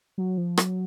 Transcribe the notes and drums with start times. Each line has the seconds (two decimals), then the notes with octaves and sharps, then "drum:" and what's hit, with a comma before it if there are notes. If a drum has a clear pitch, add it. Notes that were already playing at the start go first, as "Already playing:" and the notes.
0.18 F#3
0.37 F3
0.57 F#3, drum: rim click